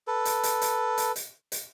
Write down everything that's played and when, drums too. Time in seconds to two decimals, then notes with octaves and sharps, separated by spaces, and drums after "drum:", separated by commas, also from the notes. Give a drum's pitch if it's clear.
0.07 A4 B4
0.25 drum: hi-hat
0.43 drum: hi-hat
0.61 drum: hi-hat
0.98 drum: hi-hat
1.16 drum: hi-hat
1.52 drum: hi-hat